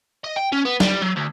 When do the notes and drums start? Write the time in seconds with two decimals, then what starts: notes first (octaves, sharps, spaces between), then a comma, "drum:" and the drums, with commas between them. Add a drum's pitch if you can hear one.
0.24 D#5
0.36 G5
0.52 C#4
0.65 B3
0.80 G3, drum: snare
1.02 F#3
1.17 D2